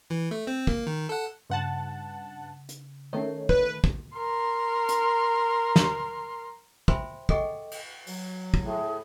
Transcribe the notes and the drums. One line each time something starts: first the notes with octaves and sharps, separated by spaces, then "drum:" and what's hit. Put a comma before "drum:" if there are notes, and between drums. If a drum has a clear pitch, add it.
E3
A3
C4
A#3, drum: kick
D#3
A4 F#5
G2 C#3 F#5 A5
drum: hi-hat
D#3 A3 C#4 C#5
B4, drum: kick
drum: kick
A#4 C6
drum: hi-hat
drum: snare
C5 E5 G5 G#5 B5 C6, drum: kick
G#4 A4 D#5 F#5 G5 C#6, drum: kick
drum: cymbal
F#3, drum: open hi-hat
drum: kick
A2 G#4